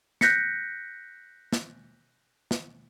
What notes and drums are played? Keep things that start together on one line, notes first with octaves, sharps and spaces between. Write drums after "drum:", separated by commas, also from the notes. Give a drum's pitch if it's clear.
F#6 G6 A#6 B6 C#7, drum: snare
drum: snare
drum: snare